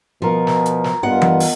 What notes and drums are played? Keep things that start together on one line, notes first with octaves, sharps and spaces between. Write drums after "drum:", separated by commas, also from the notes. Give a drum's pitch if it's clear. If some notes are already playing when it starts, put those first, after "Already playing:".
B2 F3 A#4 F#5
drum: snare
drum: hi-hat
drum: snare
G2 B3 F4 D#5 F#5
drum: tom E3
drum: open hi-hat